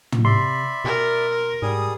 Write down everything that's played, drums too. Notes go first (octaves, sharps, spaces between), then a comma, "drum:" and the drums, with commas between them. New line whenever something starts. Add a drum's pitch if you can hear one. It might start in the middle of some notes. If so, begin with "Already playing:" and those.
drum: tom
C3 D5 E5 B5 C6
B2 A#4
G#2 G3 G#4 D#6